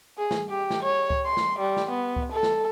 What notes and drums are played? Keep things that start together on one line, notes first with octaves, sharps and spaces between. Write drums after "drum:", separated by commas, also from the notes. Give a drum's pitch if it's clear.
G#4
drum: snare
G4
drum: snare
C#5
drum: kick C#2
C6
drum: snare
G3
drum: snare
B3
drum: kick C#2
A4
drum: snare